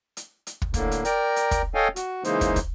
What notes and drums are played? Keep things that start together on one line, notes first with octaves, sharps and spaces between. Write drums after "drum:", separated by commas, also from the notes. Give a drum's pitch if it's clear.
drum: hi-hat
drum: hi-hat
drum: kick
A2 D3 A#3, drum: kick, hi-hat
drum: hi-hat
A#4 D5 G5 A#5, drum: hi-hat
drum: hi-hat
drum: kick, hi-hat
A4 C#5 D#5 F5 G5 G#5
F#4, drum: hi-hat
C#3 E3 G#3 A#3 D#4 C5, drum: hi-hat
drum: kick, hi-hat
drum: kick, hi-hat